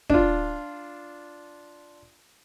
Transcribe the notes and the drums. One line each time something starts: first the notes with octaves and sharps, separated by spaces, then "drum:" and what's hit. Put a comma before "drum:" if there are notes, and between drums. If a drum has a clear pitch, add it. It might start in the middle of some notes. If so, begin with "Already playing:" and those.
D4 F4, drum: kick